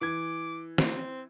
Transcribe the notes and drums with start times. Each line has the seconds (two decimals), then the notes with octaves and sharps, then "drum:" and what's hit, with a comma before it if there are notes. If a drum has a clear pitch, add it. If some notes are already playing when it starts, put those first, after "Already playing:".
0.01 E3 D6 G#6
0.78 C4, drum: snare